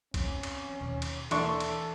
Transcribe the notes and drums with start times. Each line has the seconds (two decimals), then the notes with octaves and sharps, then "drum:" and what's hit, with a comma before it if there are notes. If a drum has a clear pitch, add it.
0.14 E3 C4 C#4, drum: kick A#1, cymbal
0.43 drum: cymbal
0.80 D#2 B2
1.02 drum: cymbal
1.31 E3 D4 A4 C6 C#6, drum: cymbal
1.60 drum: cymbal